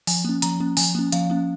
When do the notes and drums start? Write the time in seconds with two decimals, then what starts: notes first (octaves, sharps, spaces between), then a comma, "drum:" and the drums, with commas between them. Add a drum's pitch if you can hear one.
0.07 F3 G#5, drum: open hi-hat
0.25 A#3 C#4
0.42 F3 A#5, drum: hi-hat
0.60 A#3 C#4
0.77 F3 G#5, drum: open hi-hat
0.95 A#3 C#4
1.12 F3 F5, drum: hi-hat
1.30 A#3 C#4